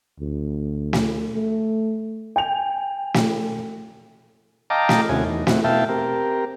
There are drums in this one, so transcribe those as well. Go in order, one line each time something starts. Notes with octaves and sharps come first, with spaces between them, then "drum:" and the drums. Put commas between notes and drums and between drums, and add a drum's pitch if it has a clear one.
D2
drum: snare
A3
G5 G#5 F7
drum: snare
D#5 F5 G5 A5 A#5 D6
drum: snare
D#2 C3 C#4 E4 F#4 G#5
E2 D#4
C4 E4 F#4, drum: snare
B2 E4 E5 F5 G5 A5
C4 G4 A#4